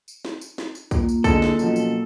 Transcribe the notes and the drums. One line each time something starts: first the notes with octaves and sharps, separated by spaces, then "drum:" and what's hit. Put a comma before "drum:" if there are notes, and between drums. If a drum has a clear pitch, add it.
drum: tambourine
drum: snare
drum: tambourine
drum: snare
drum: tambourine
A#3 F4, drum: kick B1, tambourine
drum: tambourine
D3 G#3 A4 A6, drum: kick B1, tambourine
drum: snare
F#2 B2 F3, drum: tambourine
drum: tambourine